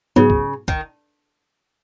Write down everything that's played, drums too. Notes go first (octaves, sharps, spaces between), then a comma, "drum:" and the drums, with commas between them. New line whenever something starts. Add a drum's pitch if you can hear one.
G#2 C#3 F#3 B3
drum: kick
D#3, drum: kick